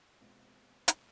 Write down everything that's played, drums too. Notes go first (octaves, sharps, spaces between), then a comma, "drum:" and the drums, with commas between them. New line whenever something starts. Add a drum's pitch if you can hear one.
B2 G#3 C4 F4
drum: hi-hat